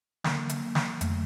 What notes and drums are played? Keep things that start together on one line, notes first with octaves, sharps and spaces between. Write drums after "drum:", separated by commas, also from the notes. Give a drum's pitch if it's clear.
D3 F#3 A#3, drum: snare
drum: hi-hat
drum: snare
F2 D3 F#3 A3, drum: hi-hat